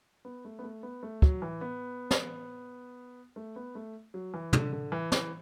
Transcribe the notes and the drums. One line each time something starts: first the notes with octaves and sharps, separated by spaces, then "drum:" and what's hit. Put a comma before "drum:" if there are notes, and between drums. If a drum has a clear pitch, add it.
B3
A3
B3
A3
B3
A3
F#3, drum: kick
E3
B3
drum: snare
A3
B3
A3
F#3
E3
D3, drum: tom
D3
E3
E3, drum: snare